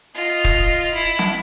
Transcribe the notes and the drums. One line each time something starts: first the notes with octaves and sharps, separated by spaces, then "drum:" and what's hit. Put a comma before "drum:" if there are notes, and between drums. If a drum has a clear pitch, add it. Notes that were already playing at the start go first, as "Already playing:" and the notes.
F4 D#5
drum: kick
E4
drum: snare